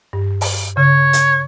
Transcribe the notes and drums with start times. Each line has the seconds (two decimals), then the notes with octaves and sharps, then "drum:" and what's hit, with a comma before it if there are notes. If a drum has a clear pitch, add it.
0.13 G2
0.41 drum: open hi-hat
0.77 C#3 C#5
1.13 drum: hi-hat